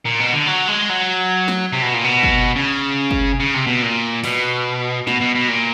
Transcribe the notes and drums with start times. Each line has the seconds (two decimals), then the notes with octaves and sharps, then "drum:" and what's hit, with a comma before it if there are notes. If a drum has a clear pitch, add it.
0.05 A#2
0.19 B2
0.33 D3
0.46 F#3
0.68 G#3
0.89 F#3
1.48 drum: snare
1.73 C3
1.82 B2
1.94 A#2
2.04 B2
2.23 drum: kick
2.56 C#3
3.11 drum: kick
3.40 C#3
3.54 C3
3.67 B2
3.82 A#2
4.24 B2, drum: open hi-hat
5.07 B2, drum: snare
5.21 B2
5.35 B2
5.49 A#2